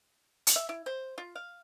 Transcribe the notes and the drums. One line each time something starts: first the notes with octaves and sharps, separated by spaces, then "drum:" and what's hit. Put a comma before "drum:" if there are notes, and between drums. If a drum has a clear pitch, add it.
drum: hi-hat
E5
E4
C5
F4
F5